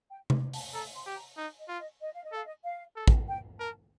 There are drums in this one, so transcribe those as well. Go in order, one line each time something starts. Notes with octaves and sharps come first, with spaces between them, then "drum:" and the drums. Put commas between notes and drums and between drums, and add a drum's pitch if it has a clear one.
G5
drum: tom C3
A5, drum: open hi-hat
A4 A#5
C6
G4
A#5
D#4
D#5
F4
D#5
D#5
F5
D#5
A4 F5
D#5
F5
A4
drum: kick
G5
A#4 A5